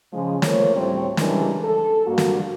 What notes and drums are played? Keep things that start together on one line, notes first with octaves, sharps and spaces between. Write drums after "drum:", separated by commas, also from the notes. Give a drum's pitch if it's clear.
C#3 F3 G#3
A3 A#3 F4 C5 C#5, drum: snare
D2 A2 G3 C4 C#5
C#3 E3 G3 G#3 D4 A#4, drum: snare
A4
G2 A#3 F#4
drum: snare